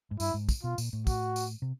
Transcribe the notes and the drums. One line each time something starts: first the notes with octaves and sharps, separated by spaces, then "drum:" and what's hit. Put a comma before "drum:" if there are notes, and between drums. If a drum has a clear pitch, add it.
G#2
G2 E4, drum: tambourine
G#2
drum: kick, tambourine
B2 F4
A#2, drum: tambourine
A2
F#4, drum: kick, tambourine
drum: tambourine
C3